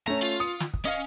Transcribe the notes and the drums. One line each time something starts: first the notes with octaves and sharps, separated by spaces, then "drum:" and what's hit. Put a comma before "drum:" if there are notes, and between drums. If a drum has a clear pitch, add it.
A3 C#4 A#5
F4
D#6 C#7
drum: snare
drum: kick
C#4 D#5 F5